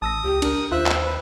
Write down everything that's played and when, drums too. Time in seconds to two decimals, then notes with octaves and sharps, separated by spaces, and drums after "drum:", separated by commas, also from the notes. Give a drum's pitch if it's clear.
0.02 A1 A5 D#6 E6 A#6
0.24 C#2 G4
0.42 D4 A#4, drum: cymbal
0.72 D#2 F4 C5 E5 F#6
0.86 drum: clap
1.06 B4